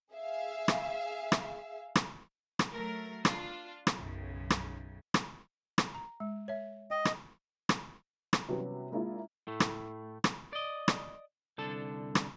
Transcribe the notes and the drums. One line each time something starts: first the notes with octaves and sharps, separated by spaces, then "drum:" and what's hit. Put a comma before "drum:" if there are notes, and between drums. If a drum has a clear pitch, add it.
G#4 E5 F5
drum: rim click
drum: rim click
drum: rim click
drum: rim click
F#3 A3 A#4
D4 F4, drum: rim click
drum: rim click
B1 F#2 C#3
drum: rim click
drum: rim click
drum: rim click
A#5
G#3
C#5 E5
D#5 G5
drum: rim click
drum: rim click
drum: rim click
C3 E3 F#3 G3 B3 C#4
G#3 A#3 D4 E4 F4
A2 A3
drum: rim click
drum: rim click
D5 D#5
drum: rim click
C2 D3 A4 A5
drum: rim click